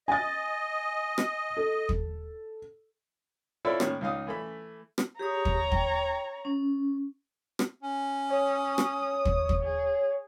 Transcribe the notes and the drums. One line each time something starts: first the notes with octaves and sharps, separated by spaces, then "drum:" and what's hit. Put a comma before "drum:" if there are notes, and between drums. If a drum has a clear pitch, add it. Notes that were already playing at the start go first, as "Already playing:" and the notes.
D#5 G#5 A6
drum: rim click
A4
drum: kick
C4 E4 F4 A4 C#5 D5
A2 D#3 A#3 C#4, drum: rim click
C#2 D#4 F5 D#6
E3 A3 B5
drum: rim click
G4 G#4 C#5 A#5 D#6
drum: kick
G5, drum: kick
C#4
drum: rim click
C#4
C#5 D#6
drum: rim click
drum: kick
drum: kick
G#4